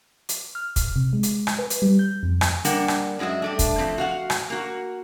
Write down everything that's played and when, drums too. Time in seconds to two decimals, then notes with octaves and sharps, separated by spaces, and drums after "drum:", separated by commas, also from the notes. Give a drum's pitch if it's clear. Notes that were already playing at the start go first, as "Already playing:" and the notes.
0.29 drum: hi-hat
0.55 F6
0.76 drum: kick, hi-hat
0.96 C3
1.13 G#3
1.23 drum: hi-hat
1.47 drum: rim click
1.59 B4
1.70 drum: hi-hat
1.82 G3
1.99 G6
2.23 F2
2.41 drum: rim click
2.65 G3 A#3 D4 A#4 F#5, drum: hi-hat
2.88 drum: rim click
3.19 F#2 G#3 F#4 D#5 E5
3.42 G3 A3 D4
3.59 drum: kick, hi-hat
3.78 F3 A3 C4
3.98 F#4 F5 F#5
4.30 drum: rim click
4.50 A#3 F#4